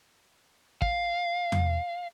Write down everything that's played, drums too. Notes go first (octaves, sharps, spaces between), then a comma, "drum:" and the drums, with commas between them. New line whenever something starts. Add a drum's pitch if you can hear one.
F5, drum: kick
drum: tom E2